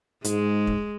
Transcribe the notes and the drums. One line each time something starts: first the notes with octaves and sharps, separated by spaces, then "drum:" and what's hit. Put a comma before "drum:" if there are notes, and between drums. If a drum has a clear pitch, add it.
G#2 G#3, drum: hi-hat
drum: kick